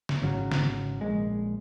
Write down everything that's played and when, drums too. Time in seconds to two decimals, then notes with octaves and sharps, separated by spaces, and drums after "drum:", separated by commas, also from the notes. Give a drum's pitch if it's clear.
0.09 drum: snare
0.22 G#1 C#3 F#3
0.52 drum: snare
1.01 A#1 G#3